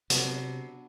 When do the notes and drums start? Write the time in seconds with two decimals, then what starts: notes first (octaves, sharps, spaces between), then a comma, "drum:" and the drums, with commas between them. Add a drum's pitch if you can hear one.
0.10 C3 F#3 B3 D4, drum: hi-hat